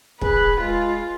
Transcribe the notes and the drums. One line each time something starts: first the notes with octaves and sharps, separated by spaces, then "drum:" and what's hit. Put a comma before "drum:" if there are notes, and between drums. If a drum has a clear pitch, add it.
G#4 B4, drum: kick
G#3 F4